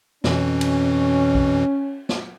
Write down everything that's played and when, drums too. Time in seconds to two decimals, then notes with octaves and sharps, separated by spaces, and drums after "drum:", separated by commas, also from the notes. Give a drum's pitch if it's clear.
0.24 F2 B2 E3 C#4, drum: snare
0.61 drum: cymbal
1.35 drum: kick A#1
2.09 drum: snare